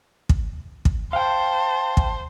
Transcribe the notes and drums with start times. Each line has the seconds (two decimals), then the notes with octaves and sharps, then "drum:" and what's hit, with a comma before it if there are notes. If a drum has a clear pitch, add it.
0.29 drum: kick
0.85 drum: kick
1.13 C5 F5 G5 A5
1.97 drum: kick